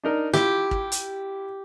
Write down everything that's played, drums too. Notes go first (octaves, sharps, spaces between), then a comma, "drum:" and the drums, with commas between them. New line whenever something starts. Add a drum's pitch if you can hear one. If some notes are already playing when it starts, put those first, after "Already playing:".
D4 D#4 A#4
E4 F4 G4, drum: snare
drum: kick
drum: hi-hat